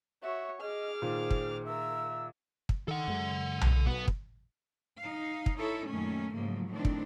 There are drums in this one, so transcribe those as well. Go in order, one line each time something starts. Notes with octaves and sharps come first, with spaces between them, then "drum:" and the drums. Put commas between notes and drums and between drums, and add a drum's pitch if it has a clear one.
F#4 C#5 E5
G#4 D#5 D6 F6
A#2 D#3 C5
drum: kick
A#4 E5 E6
drum: kick
D#3 A4 F#5
F#2 G#3
drum: tom B1
B1 B2 B3
drum: kick
D#4 F5
drum: kick
D#4 E4 A4 C#5
F#2 A#2 D#3 A3 C#4
G#2 C#3 F3 F#3 A3 A#3
A2 D#3 C4 D4
drum: kick